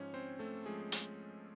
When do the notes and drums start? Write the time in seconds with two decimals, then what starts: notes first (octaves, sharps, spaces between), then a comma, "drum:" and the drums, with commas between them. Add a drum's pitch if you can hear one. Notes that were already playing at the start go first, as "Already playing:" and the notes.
Already playing: G#2 F3 C#4 C#5
0.14 C4 C5
0.39 A3 A4
0.66 F3 G#3 G#4
0.92 drum: hi-hat